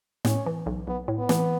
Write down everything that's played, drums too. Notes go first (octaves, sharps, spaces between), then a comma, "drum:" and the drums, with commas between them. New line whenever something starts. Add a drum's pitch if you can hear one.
A2 C#4, drum: snare
E3
B1
B1 B3
A2
B3
E3, drum: snare